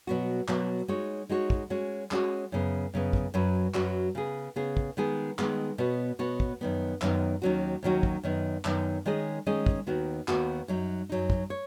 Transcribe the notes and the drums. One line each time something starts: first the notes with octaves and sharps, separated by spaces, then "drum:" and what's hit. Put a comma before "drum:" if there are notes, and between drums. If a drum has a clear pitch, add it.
B2 F#3 B3 F#4
B2 F#3 B3 F#4, drum: clap
G#3 D#4 F#4 C#5
G#3 D#4 F#4 C#5
drum: kick
G#3 C#4 F#4 C#5
G#3 C#4 F#4 C#5, drum: clap
F#2 C#3 B3
F#2 C#3 B3
drum: kick
F#2 F#3 C#4 F#4 B4
F#2 F#3 C#4 F#4 B4, drum: clap
C#3 B3 G#4
C#3 B3 G#4
drum: kick
D#3 G#3 B3 G#4
D#3 G#3 B3 G#4, drum: clap
B2 B3 F#4 C#5
B2 B3 F#4 C#5
drum: kick
F#2 D#3 B3
F#2 D#3 B3, drum: clap
D#2 D#3 F#3 C#4 F#4
D#2 D#3 F#3 C#4 F#4
drum: kick
F#2 D#3 B3
F#2 D#3 B3, drum: clap
D#3 G#3 C#4 G#4 D#5
D#3 G#3 C#4 G#4 D#5
drum: kick
D#2 D#3 B3 F#4
D#2 D#3 B3 F#4, drum: clap
F#2 F#3 D#4
F#2 F#3 D#4
drum: kick
C#5